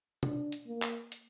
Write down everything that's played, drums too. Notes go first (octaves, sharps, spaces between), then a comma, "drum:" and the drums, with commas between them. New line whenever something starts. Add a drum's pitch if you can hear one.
D4, drum: tom B2
drum: hi-hat
A#3
drum: clap
drum: hi-hat